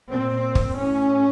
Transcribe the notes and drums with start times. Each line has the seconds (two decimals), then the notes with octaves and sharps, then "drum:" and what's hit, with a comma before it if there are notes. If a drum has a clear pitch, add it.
0.11 A#2 C4
0.55 drum: kick
0.79 A2 C#4